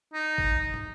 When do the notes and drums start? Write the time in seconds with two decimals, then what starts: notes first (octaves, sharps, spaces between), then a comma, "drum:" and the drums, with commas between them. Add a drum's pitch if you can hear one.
0.14 D#4
0.38 drum: kick
0.74 drum: tom